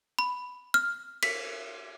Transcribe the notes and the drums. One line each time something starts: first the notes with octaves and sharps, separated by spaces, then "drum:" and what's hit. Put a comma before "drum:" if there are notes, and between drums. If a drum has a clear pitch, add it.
B5
F6
B6, drum: cymbal